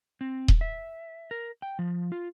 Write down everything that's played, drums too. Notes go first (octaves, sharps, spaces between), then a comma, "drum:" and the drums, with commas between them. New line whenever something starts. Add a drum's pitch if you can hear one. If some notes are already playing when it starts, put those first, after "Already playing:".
C4
drum: kick D#1
E5
A#4
G5
F3
F4